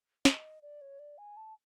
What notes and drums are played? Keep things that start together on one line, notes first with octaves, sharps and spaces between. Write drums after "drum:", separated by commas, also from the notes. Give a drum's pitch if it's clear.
D#5, drum: snare
D5
C#5
D5
G#5
A5